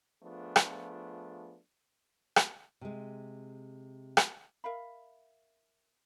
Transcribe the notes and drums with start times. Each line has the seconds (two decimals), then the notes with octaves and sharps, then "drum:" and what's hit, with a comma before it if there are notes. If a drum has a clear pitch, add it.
0.22 F3 A3 B3 D4 F4 G#4
0.56 drum: rim click
2.36 drum: rim click
2.81 C3 G#3
4.17 drum: rim click
4.64 A#4 E5 F5 B5